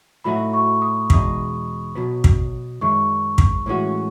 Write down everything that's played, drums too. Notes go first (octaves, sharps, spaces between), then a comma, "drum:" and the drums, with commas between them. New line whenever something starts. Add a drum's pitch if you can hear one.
A2 F#3 A3 D#4 F#4 B5
C#6
D#6
E2 B2 G#3 D#4 D#6, drum: kick
B1 B2 F#3 B3
drum: kick
F#2 D#3 G#3 C#6
drum: kick
A2 E3 G#3 C#4 F#4